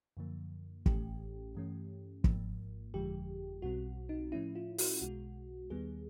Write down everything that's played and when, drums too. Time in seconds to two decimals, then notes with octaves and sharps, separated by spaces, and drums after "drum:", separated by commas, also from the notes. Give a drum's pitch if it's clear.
0.17 F#2 D3 F3 A#3
0.86 A1 A2 E3 A3 C#4 G4, drum: kick
1.55 G2 E3 A3 C#4
2.24 G#1 G#2 F3 A#3, drum: kick
2.94 G1 F2 D3 F3 G#3 G4
3.62 B1 B2 G3 C4 F#4
4.09 D#4
4.32 A2 F3 A3 C#4 E4
4.55 F4
4.78 F#4, drum: open hi-hat
5.01 B1 B2 G#3 F#4
5.70 D#2 D#3 G3 B3 G#4